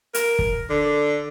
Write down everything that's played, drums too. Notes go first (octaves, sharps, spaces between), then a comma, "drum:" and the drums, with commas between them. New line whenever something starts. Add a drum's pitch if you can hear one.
A#4, drum: hi-hat
drum: kick
D3